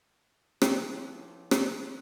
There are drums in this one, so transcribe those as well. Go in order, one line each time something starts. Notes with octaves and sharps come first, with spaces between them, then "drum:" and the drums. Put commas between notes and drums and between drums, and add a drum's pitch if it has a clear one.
B1 F3 E4 G5, drum: rim click
drum: rim click